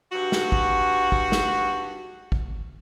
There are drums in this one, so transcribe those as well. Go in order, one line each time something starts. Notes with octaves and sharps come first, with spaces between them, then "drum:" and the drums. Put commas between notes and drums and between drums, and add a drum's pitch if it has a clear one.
G2 F#4
drum: snare
drum: kick
drum: kick
drum: snare
drum: kick